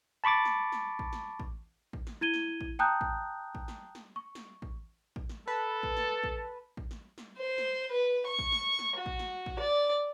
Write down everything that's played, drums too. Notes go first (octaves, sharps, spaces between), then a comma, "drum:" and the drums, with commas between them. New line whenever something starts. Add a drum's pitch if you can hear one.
A5 B5 C#6 D6 A6
drum: snare
drum: snare
drum: kick A1
drum: snare
drum: kick A1
drum: kick A1
drum: snare
E4 G#6 D#7 G7
drum: snare
drum: kick A1
G5 A5 A#5 D#6 F#6 G6
drum: kick A1
drum: kick A1
drum: snare
drum: snare
C#6
drum: snare
drum: kick A1
drum: kick A1
drum: snare
A4 B4 A5
drum: kick A1
drum: snare
drum: kick A1
drum: kick A1
drum: snare
drum: snare
C5
drum: snare
B4
C#6
drum: kick A1
drum: snare
drum: snare
F#4
drum: kick A1
drum: snare
drum: kick A1
D5